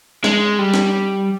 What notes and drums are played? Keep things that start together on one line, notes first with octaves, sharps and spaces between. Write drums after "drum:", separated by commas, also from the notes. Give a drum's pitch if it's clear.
G#3, drum: snare
G3
drum: snare